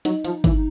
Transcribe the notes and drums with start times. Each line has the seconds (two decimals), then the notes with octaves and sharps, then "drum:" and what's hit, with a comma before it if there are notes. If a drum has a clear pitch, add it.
0.05 F#3 D#4, drum: hi-hat
0.25 F3, drum: hi-hat
0.44 E3, drum: kick G1, hi-hat